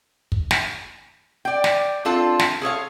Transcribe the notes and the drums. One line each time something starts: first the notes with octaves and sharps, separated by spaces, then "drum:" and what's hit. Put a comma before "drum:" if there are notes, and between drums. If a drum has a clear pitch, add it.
drum: kick
drum: snare
D5 G5
drum: snare
C4 D4 F4 A4 A5
drum: snare
G#4 A4 C#5 F5